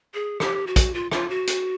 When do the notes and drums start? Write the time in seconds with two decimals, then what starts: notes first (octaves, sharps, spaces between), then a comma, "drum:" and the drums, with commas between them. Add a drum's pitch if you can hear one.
0.14 G#4
0.40 G4, drum: rim click
0.67 F#4
0.76 drum: kick, hi-hat
0.94 F4
1.11 F4, drum: rim click
1.29 F#4
1.47 drum: hi-hat